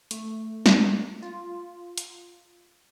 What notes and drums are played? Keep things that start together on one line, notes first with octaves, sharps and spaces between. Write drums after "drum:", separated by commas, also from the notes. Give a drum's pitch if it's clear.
A3, drum: hi-hat
drum: snare
F4
drum: hi-hat